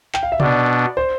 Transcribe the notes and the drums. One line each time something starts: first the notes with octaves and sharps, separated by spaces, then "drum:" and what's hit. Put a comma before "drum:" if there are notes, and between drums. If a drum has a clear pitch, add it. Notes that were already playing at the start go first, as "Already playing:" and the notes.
G5, drum: clap
F5
E5
B2 B3 D4 D5, drum: tom C3
C5